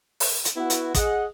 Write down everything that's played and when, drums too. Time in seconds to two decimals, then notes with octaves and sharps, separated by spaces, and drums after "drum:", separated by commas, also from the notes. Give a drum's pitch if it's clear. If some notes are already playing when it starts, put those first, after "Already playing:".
0.20 drum: open hi-hat
0.45 drum: hi-hat
0.56 B3 E4 F#4
0.70 drum: hi-hat
0.95 G#4 D#5 F#5, drum: kick, hi-hat